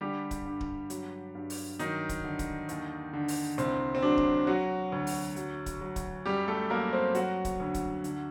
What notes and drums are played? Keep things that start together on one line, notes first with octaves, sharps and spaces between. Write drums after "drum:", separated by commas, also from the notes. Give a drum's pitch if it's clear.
D3 G3 G4
drum: kick D1, hi-hat
G2
drum: kick D1
F#3, drum: hi-hat
G2
drum: open hi-hat
D#3 F#3 D#4, drum: hi-hat
drum: kick D1, hi-hat
D3
drum: kick D1, hi-hat
D#2, drum: hi-hat
D3
drum: open hi-hat
C2 C4, drum: hi-hat
C4
F#3 D4
drum: kick D1
F#3 F#4
D2
drum: open hi-hat
F#3, drum: hi-hat
drum: kick D1, hi-hat
F#3
drum: kick D1, hi-hat
F#2 G3 G4
A3 A4
F#3 A#3 A#4
C4 C5
F#3 F#4, drum: hi-hat
drum: kick D1, hi-hat
D2
drum: kick D1, hi-hat
D3, drum: hi-hat